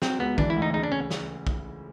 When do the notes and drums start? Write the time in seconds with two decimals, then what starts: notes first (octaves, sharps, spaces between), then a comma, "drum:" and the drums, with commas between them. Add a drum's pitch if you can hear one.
0.02 F#3 C4, drum: snare
0.20 C#2 B3
0.38 E3 D4, drum: kick
0.50 E4
0.56 D2
0.62 D#4
0.74 C#3 D#4
0.84 D4
0.92 C#4
1.10 drum: snare
1.47 drum: kick